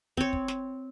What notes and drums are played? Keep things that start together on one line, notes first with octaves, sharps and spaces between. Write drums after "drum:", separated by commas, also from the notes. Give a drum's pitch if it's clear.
C4 C#5, drum: kick
drum: kick
drum: snare